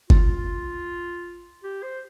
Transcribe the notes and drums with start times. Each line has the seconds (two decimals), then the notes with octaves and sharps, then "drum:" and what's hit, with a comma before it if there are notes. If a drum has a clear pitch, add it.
0.10 F4, drum: kick G1
1.63 G4
1.83 C5